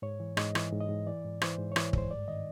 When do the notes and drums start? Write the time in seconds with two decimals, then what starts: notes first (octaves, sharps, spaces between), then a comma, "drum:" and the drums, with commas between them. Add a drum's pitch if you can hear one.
0.02 G#2 C#5
0.20 E3
0.37 G#2 D#5, drum: rim click
0.55 E3, drum: rim click
0.72 G#2
0.81 D#5
0.89 G#2
1.06 E3 D5
1.24 G#2
1.41 E3 C5, drum: rim click
1.58 G#2
1.72 C#5
1.76 E3, drum: rim click
1.84 C#5
1.93 G#2 C5, drum: kick
2.11 G2 D5
2.28 D#3 D#5